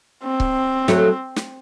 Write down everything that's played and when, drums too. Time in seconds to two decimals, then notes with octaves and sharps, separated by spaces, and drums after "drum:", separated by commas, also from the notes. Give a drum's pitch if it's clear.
0.24 C4
0.40 drum: kick C#1
0.88 F#3 A3, drum: snare
1.36 drum: snare